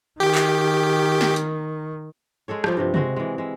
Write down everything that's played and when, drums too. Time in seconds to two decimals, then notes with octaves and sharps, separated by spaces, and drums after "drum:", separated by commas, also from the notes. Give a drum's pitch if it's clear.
0.20 D#3 G4
0.35 drum: clap
1.21 drum: snare
1.36 drum: hi-hat
2.48 G#3 G#4 A4 C#5
2.64 F3 G3, drum: rim click
2.77 G2 C3 F3
2.94 G#3 C4 F#4, drum: tom
3.16 E3 G#3
3.38 G#3 E5